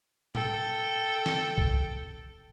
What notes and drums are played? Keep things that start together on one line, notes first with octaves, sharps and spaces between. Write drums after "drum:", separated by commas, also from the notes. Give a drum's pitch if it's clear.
A4 G5, drum: tom A2
drum: snare
drum: kick B1